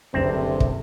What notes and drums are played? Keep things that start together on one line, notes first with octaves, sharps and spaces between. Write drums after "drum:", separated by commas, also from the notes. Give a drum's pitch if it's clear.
F#1 D2 G2 C3 A3 C4
drum: kick